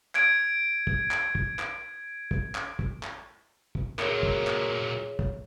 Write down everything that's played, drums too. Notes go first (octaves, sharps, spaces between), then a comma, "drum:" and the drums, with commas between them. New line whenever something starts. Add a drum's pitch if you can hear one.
G#6 D7, drum: clap
drum: kick
drum: clap
drum: kick
drum: clap
drum: kick
drum: clap
drum: kick
drum: clap
drum: kick
A#2 F#3 G#4 A#4 C#5 E5, drum: clap
drum: kick
drum: clap
drum: kick